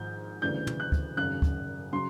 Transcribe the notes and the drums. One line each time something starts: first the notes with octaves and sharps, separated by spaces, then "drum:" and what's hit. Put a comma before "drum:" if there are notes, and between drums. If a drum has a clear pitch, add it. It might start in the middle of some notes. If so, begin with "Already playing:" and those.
Already playing: G#1 G#2 F3 G6
D2 C#3 E3 G3 G6
drum: tom
F#6
drum: kick
G#1 F#2 C#3 F#6
drum: kick
C#3 F#3 C6